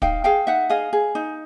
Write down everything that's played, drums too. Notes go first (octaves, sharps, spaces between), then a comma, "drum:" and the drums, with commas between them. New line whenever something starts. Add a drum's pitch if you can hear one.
D#4 F5 G5, drum: kick
G#4 F5 G5
D#4 E5 F#5
G#4 D#5 F5
G#4
D#4